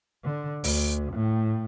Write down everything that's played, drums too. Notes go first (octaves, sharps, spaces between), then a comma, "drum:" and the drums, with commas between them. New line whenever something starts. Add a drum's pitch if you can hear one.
D3
D2, drum: open hi-hat
A2